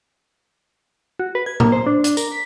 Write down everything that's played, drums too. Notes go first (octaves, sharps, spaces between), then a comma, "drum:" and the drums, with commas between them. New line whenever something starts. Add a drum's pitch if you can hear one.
F#4
B4
G#6
A#3, drum: tom A2
C5
D4
D4, drum: hi-hat
A#4, drum: tambourine
B6